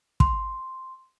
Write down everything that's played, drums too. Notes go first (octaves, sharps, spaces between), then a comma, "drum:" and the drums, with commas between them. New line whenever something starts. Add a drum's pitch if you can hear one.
C6, drum: kick